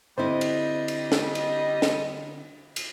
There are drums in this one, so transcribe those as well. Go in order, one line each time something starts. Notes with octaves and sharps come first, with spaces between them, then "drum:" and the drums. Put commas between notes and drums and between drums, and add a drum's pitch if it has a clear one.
D3 G3 C4 E4 C5 D#5
drum: cymbal
drum: cymbal
drum: snare
drum: cymbal
drum: snare
drum: cymbal